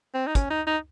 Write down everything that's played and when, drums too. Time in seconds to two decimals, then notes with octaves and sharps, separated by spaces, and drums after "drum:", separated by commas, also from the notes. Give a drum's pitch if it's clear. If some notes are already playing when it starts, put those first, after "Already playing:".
0.14 C4
0.27 D#4
0.35 C#4, drum: kick, hi-hat
0.51 D#4
0.67 D#4